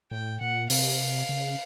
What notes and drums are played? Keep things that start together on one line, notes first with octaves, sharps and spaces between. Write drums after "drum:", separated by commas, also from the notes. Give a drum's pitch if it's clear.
A2 G5
A#2 F#5
C3 F5, drum: open hi-hat
C#3